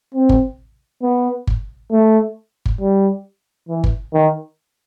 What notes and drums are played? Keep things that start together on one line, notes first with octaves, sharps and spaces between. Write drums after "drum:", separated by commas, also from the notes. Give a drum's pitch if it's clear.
C4
drum: kick G1
B3
drum: kick G1
A3
drum: kick G1
G3
E3
drum: kick G1
D#3